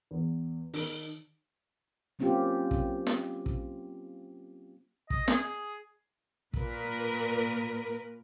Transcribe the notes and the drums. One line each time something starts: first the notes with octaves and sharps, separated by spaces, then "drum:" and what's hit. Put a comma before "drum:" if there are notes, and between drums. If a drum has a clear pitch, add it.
E2
D#3, drum: open hi-hat
F#3 A#3 C4 C#4 F4 G4
drum: kick
drum: snare
drum: kick
D#5, drum: kick
G#4, drum: snare
A#2 A#4 B4, drum: kick